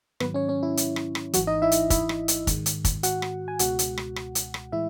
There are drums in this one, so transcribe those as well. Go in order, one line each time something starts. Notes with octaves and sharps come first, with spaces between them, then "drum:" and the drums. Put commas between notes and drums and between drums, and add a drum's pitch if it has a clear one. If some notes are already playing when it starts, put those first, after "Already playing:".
G#2 D#3 F#3 B3 B4, drum: rim click
C#4 C#5
C#4 C#5
E4
drum: hi-hat
drum: rim click
drum: rim click
G#1 G#2 E3 F#3 F#4, drum: hi-hat
D#4 D#5
E4 E5
drum: hi-hat
E4 E5, drum: kick, hi-hat
drum: rim click
drum: hi-hat
G#2 D#3 G#3, drum: kick, hi-hat
drum: hi-hat
drum: kick, hi-hat
F#4 F#5, drum: hi-hat
drum: rim click
G#5
C#2 B2 G#3 F#4 F#5, drum: hi-hat
drum: hi-hat
drum: rim click
drum: rim click
drum: hi-hat
drum: rim click
A2 E3 G#3 E4 E5